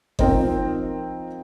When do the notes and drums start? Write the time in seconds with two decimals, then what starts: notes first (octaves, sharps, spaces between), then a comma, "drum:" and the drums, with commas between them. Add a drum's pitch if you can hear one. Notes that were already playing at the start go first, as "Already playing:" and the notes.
0.19 F3 C4 D#4 A#4 C5 D#5, drum: kick G1